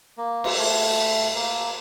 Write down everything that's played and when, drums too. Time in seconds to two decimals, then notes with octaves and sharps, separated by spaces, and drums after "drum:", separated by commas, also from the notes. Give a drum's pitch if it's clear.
0.17 A#3
0.44 drum: cymbal
0.57 A3
1.35 A#3